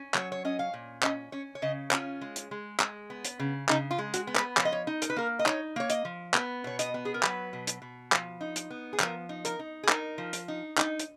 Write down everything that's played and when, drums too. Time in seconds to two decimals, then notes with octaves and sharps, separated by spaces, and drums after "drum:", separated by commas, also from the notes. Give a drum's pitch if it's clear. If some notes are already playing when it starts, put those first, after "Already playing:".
Already playing: C#4
0.14 F#3 C#5, drum: clap
0.32 C#5
0.45 C#4 D#5
0.59 F5
0.74 A#2
1.03 C#4 D#5, drum: clap
1.32 C#4 C#5
1.55 C#5
1.62 C#3 D#5
1.91 C#4 F4, drum: clap
2.21 G#3
2.36 drum: hi-hat
2.51 G#3
2.80 G#3, drum: clap
3.10 B3
3.25 drum: hi-hat
3.39 C#3
3.69 C#3 D#4, drum: clap
3.91 F4
3.98 G#3
4.14 F#4, drum: hi-hat
4.27 B3
4.36 B4, drum: clap
4.57 F3 C#5, drum: clap
4.65 D#5
4.72 C#5
4.87 D#4
5.02 A#4, drum: hi-hat
5.10 B4
5.16 A#3 A#4
5.39 D#5
5.46 D#4 C#5, drum: clap
5.76 A#3 C#5
5.90 D#5, drum: hi-hat
6.05 F3
6.34 B3, drum: clap
6.64 B2 C#5
6.79 D#5, drum: hi-hat
6.94 B3
7.05 G#4
7.14 A#4
7.23 F#3 B4, drum: clap
7.53 B2
7.67 drum: hi-hat
7.82 B2
8.12 F3, drum: clap
8.41 D#4
8.56 drum: hi-hat
8.70 B3
8.93 G#4
9.00 F3 A#4, drum: clap
9.29 D#4
9.45 A#4, drum: hi-hat
9.59 D#4
9.83 G#4
9.89 D#4 A#4, drum: clap
10.18 F3
10.33 drum: hi-hat
10.48 D#4
10.78 D#4, drum: clap
10.99 drum: hi-hat